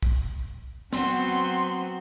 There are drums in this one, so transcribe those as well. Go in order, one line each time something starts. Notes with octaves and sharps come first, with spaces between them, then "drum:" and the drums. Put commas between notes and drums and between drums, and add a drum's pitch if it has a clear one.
drum: kick
F#3 B3 C4 C6, drum: snare